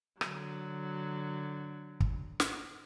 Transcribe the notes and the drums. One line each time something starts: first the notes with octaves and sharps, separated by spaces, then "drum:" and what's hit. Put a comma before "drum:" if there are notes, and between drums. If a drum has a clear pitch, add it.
D3 F#3, drum: rim click
drum: kick
drum: snare